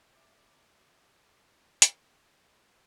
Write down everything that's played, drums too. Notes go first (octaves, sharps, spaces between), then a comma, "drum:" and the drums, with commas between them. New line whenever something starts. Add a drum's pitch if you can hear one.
D5 E5
drum: hi-hat